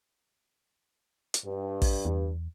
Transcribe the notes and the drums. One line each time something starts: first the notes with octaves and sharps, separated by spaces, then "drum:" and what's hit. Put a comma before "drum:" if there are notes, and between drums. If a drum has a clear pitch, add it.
drum: hi-hat
G2
drum: kick, open hi-hat
E2